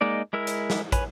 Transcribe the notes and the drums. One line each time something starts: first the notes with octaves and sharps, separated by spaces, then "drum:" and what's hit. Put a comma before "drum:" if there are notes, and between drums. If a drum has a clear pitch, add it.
G#3 A#3 D#4 D5
G#3 E4 A#4 E6
drum: hi-hat
drum: snare
B4 C#5 G#5 B5, drum: kick, hi-hat